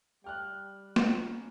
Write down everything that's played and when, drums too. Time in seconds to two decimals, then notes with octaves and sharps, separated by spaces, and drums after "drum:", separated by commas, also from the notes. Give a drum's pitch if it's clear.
0.24 G3 G5 F6 F#6
0.96 drum: snare
1.10 A#3 B3 C#4